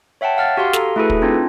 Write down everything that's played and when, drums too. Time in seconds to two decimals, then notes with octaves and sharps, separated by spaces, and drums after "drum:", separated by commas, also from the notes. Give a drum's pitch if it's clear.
0.21 C#5 E5 F#5 G5 A5
0.37 F5 F#5 F6 A6
0.57 F#4 G4 F5 C6
0.73 A4 A#5, drum: snare
0.96 A3 E4 F#4 G#4 A4 B4
1.10 drum: kick
1.22 C4 D4 D#4 F4